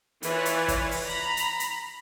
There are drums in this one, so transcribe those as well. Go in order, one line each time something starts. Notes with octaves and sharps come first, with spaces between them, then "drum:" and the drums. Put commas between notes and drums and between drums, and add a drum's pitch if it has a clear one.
E3 F4 B4 C#5 D5, drum: hi-hat
drum: hi-hat
drum: kick, hi-hat
drum: open hi-hat
A#5 B5
drum: hi-hat
drum: hi-hat